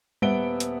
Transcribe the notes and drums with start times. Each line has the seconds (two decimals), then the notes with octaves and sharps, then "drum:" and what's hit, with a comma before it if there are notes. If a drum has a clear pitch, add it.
0.22 D#1 B3 E5 F#5 D7 G7, drum: tom G3
0.60 drum: hi-hat